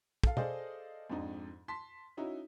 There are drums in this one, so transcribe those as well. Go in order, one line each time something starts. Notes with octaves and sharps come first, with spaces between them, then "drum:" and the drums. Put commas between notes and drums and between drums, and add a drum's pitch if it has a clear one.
A4 F5, drum: kick
G#4 A4 C5 D5 D#5 F5, drum: tom
F2 G#2 D4 D#4
A5 C6 B6
C#4 D#4 E4 F#4